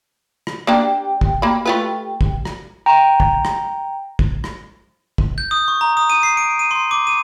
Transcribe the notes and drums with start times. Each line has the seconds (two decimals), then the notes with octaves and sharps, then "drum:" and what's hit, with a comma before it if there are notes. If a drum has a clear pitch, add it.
0.47 drum: rim click
0.67 A#3 D4 G4 G5
1.21 drum: kick
1.42 A#3 B5
1.66 A3 F4 B4
2.21 drum: kick
2.45 drum: rim click
2.86 G5 A#5
3.20 drum: kick
3.45 drum: rim click
4.19 drum: kick
4.44 drum: rim click
5.18 drum: kick
5.38 G6
5.51 D#6
5.68 C#6
5.81 A#5
5.97 D#6
6.10 D#7
6.23 C7
6.37 D7
6.59 D#7
6.71 C6
6.91 D6
7.07 D#7